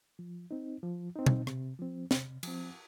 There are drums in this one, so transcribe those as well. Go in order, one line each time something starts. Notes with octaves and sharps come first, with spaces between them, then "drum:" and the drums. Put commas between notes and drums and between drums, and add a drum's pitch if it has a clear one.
F3
C4 D#4
F3
C4 D#4
drum: tom B2
C3, drum: rim click
F3 C4
C3, drum: snare
F3 C4, drum: cymbal